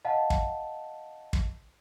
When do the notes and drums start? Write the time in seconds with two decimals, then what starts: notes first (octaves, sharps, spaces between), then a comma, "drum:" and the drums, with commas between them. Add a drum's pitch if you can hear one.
0.05 D#5 F5 F#5 A5
0.30 drum: kick
1.33 drum: kick